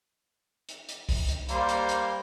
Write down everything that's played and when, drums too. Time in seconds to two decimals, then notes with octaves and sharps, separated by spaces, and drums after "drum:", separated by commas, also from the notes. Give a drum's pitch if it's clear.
0.69 drum: hi-hat
0.89 drum: hi-hat
1.09 drum: kick, open hi-hat
1.29 drum: hi-hat
1.49 G3 A#3 C5, drum: hi-hat
1.69 drum: hi-hat
1.89 drum: hi-hat